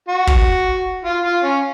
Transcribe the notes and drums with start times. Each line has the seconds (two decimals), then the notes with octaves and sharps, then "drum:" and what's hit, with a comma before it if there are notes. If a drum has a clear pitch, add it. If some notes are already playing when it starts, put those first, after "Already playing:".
0.08 F#4
0.27 drum: kick
1.05 F4
1.24 F4
1.44 C#4